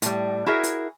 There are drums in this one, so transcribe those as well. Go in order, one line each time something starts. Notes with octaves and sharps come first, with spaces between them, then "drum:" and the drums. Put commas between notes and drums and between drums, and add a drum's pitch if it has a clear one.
A2 G3, drum: hi-hat
E4 F#4 G#4 A#4 E5
drum: hi-hat